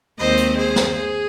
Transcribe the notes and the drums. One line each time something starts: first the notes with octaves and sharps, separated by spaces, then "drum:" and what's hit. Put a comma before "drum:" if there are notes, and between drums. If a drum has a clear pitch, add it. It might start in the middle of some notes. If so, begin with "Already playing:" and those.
D#2 D#3 G#3 C4 C5 D#5
drum: hi-hat
G#4 C5
drum: snare
G#4